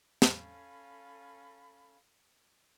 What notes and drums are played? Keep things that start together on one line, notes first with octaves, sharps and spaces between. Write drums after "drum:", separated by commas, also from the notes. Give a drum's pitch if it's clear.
C#4 A4 F5 B5, drum: snare